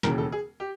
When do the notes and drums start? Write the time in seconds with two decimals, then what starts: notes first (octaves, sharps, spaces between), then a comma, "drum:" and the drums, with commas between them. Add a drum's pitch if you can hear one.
0.03 E1 D#2 C#3 E3 A#4, drum: snare
0.18 A4
0.32 G#4
0.60 G4